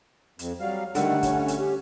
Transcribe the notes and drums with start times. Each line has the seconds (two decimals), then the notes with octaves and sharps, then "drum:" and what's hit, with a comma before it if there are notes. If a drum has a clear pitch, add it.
0.39 F2, drum: hi-hat
0.60 F#3 G3 F5
0.95 D3 D#3 G3 A3 F#5, drum: hi-hat
1.23 C#4, drum: kick, hi-hat
1.48 drum: hi-hat
1.59 G4